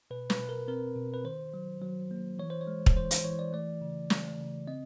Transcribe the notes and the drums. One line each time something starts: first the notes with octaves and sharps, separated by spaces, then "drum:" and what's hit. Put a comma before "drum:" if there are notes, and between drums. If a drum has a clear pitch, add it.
B2 B4
B4, drum: snare
B2
A#4
C4 A#4
B2
B4
D#3 C5
F#3
F#3
A#3
E3 C#5
C5
C#5
G#3
drum: kick
E3 C5
C5, drum: hi-hat
E3 C#5
D5
A3 D5
C#3
A3, drum: snare
C#3
C4 D#5